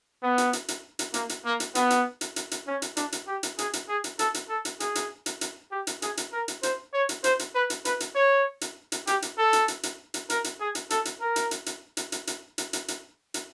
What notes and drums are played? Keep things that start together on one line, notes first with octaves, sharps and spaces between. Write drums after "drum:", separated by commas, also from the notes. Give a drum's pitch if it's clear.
B3
drum: hi-hat
drum: hi-hat
drum: hi-hat
drum: hi-hat
A#3, drum: hi-hat
drum: hi-hat
A#3
drum: hi-hat
B3, drum: hi-hat
drum: hi-hat
drum: hi-hat
drum: hi-hat
drum: hi-hat
C#4
drum: hi-hat
D4, drum: hi-hat
drum: hi-hat
G4
drum: hi-hat
G#4, drum: hi-hat
drum: hi-hat
G#4
drum: hi-hat
A4, drum: hi-hat
drum: hi-hat
A4
drum: hi-hat
G#4, drum: hi-hat
drum: hi-hat
drum: hi-hat
drum: hi-hat
G4
drum: hi-hat
G#4, drum: hi-hat
drum: hi-hat
A#4
drum: hi-hat
C5, drum: hi-hat
C#5
drum: hi-hat
C5, drum: hi-hat
drum: hi-hat
B4
drum: hi-hat
B4, drum: hi-hat
drum: hi-hat
C#5
drum: hi-hat
drum: hi-hat
G4, drum: hi-hat
drum: hi-hat
A4
drum: hi-hat
drum: hi-hat
drum: hi-hat
drum: hi-hat
A#4, drum: hi-hat
drum: hi-hat
G#4
drum: hi-hat
A4, drum: hi-hat
drum: hi-hat
A#4
drum: hi-hat
drum: hi-hat
drum: hi-hat
drum: hi-hat
drum: hi-hat
drum: hi-hat
drum: hi-hat
drum: hi-hat
drum: hi-hat
drum: hi-hat